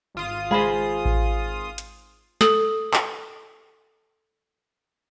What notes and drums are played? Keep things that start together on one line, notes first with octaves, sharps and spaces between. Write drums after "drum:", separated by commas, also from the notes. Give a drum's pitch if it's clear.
G#1 F4 D#6
G#3 G#4 C5 F5 B5
drum: kick A1
drum: hi-hat
A4 D#6, drum: snare
drum: clap